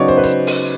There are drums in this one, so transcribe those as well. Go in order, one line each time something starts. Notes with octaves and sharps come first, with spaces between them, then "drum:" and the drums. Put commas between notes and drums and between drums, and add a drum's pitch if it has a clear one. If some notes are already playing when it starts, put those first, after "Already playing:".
Already playing: C#3 F#3 B3 D#4 C#5 D5
C5
B4
C5, drum: hi-hat
drum: open hi-hat